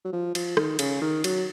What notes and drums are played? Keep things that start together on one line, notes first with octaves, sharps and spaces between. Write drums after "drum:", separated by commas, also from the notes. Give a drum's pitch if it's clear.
F#3
F3
F3, drum: cymbal
D#3, drum: rim click
C#3, drum: cymbal
D#3
F#3, drum: cymbal